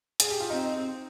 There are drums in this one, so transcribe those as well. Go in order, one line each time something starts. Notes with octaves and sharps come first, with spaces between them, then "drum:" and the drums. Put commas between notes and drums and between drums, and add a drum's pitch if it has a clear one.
G#4, drum: hi-hat
G4
F4
C4 D#4